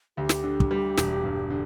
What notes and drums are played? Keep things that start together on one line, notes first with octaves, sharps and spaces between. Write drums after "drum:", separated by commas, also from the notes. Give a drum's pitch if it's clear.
D2 G4
drum: snare
D3
drum: kick
G3
E1, drum: snare
G2
D3